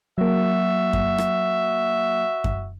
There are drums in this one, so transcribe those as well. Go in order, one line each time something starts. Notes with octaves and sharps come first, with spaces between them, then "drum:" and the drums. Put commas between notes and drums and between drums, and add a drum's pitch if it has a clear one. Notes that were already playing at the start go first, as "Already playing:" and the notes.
F#3 A#3 F#4 E5
drum: kick F#2
drum: rim click
drum: kick F#2